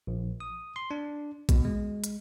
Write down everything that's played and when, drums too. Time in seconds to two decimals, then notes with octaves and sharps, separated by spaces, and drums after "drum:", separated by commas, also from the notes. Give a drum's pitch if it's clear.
0.07 A#1
0.40 D#6
0.76 C6
0.91 D4
1.49 B2, drum: kick A#1, hi-hat
1.65 G#3
2.04 drum: hi-hat